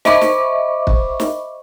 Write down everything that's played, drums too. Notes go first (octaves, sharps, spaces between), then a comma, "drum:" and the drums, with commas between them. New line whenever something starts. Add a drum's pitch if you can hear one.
C5 D#5 E5 B5 C#6 D6, drum: snare
drum: snare
drum: kick
drum: snare